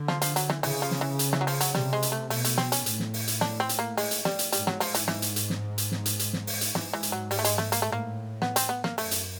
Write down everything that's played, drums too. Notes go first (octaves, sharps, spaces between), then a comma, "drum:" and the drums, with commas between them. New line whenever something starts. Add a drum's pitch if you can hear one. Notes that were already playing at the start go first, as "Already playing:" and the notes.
Already playing: D3
F3, drum: snare
F3, drum: hi-hat
F#3, drum: hi-hat
E3, drum: snare
C#3 E3, drum: open hi-hat
F3
drum: snare
E3
drum: hi-hat
E3, drum: snare
F#3
F3, drum: open hi-hat
F#3, drum: hi-hat
C3 G3, drum: snare
G#3
drum: hi-hat
A3
B2 A3, drum: open hi-hat
A3, drum: hi-hat
C4, drum: snare
C#4, drum: hi-hat
A2, drum: hi-hat
drum: snare
drum: open hi-hat
drum: hi-hat
D4, drum: snare
C4
drum: hi-hat
A#3
G#3, drum: open hi-hat
drum: hi-hat
G3, drum: snare
drum: hi-hat
G#2 G3, drum: hi-hat
F#3, drum: snare
F3, drum: open hi-hat
E3, drum: hi-hat
E3, drum: snare
drum: hi-hat
drum: hi-hat
drum: snare
drum: hi-hat
drum: snare
drum: hi-hat
drum: hi-hat
drum: snare
drum: open hi-hat
drum: hi-hat
G#2 E3, drum: snare
E3
drum: hi-hat
F#3
G3, drum: open hi-hat
A3
G#3, drum: hi-hat
A3, drum: snare
A#3, drum: hi-hat
A2 A3
A#3
B3, drum: snare
C4, drum: hi-hat
B3
A#3, drum: snare
F#2 A3, drum: open hi-hat
drum: hi-hat